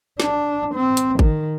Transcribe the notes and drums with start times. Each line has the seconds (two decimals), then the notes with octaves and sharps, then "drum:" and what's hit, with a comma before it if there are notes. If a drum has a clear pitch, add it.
0.20 D4, drum: snare
0.74 C4
0.97 drum: hi-hat
1.19 D#3, drum: kick G#1